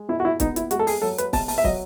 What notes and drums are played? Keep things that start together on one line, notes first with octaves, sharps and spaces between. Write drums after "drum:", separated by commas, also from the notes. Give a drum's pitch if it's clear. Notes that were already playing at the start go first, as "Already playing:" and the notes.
Already playing: G#3
B2 E4
F#4
E4
B3 D#4, drum: kick, hi-hat
E4, drum: hi-hat
G#3 F#4, drum: hi-hat
A4
G#4, drum: open hi-hat
F#3 A4
B4, drum: hi-hat
B2 A5, drum: kick, open hi-hat
A5, drum: open hi-hat
E5
F#3 D#5, drum: kick